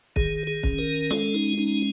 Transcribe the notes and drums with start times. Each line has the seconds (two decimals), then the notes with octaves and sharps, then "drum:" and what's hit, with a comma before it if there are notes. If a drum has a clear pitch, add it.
0.16 D#3 G#4, drum: kick
0.47 G#4
0.63 C#4, drum: kick
0.79 A#4
1.10 G#3 A4, drum: snare
1.34 D#4
1.57 C#4 D#4